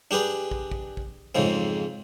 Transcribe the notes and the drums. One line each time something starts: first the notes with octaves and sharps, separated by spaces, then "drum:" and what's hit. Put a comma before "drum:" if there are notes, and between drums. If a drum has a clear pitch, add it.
D4 G4 G#4 B4
drum: kick
drum: kick
drum: kick
F2 G#2 C#3 C4